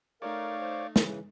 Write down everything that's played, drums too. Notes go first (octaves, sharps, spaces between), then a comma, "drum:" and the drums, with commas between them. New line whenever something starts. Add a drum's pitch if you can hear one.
A3 D#4 A#4 C#5 D5 F5
C5
C#3 E3, drum: snare